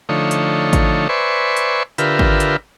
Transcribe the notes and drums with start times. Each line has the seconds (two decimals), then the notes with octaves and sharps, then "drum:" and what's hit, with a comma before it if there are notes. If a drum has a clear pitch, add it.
0.09 D3 F3 A3 D#4 C#5
0.31 drum: hi-hat
0.73 drum: kick G#1, hi-hat
1.09 B4 C5 D5 E5 G#5 C#6
1.57 drum: hi-hat
1.98 D3 F4 G4 A#4 B4 E5, drum: hi-hat
2.19 drum: kick G#1
2.40 drum: hi-hat